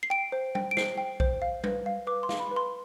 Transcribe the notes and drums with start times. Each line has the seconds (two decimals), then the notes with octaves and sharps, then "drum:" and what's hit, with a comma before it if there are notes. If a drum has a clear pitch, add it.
0.03 C7
0.10 G5 D7
0.32 C5
0.55 G5, drum: tom G3
0.71 D7
0.77 C5 C7, drum: snare
0.98 G5
1.20 C5, drum: kick B1
1.42 F5
1.64 B4, drum: tom G3
1.86 F5
2.07 B4 D6
2.23 C6
2.29 F5, drum: snare
2.40 B5
2.51 B4
2.56 C6